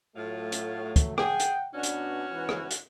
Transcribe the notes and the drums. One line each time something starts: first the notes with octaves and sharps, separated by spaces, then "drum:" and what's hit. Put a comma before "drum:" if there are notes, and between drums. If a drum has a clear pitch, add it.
A2 F#3 A3 F4
drum: hi-hat
drum: kick, hi-hat
G#4 F#5 G5, drum: rim click
drum: hi-hat
B2 C#4 D4 F#4
drum: hi-hat
G#2 B2 E3
drum: rim click
drum: hi-hat